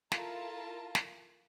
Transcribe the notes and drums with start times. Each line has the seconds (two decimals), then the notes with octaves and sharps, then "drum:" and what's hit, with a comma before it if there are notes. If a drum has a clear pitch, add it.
0.12 E4 F4 A4 A#4 A5 A#5, drum: snare
0.95 drum: snare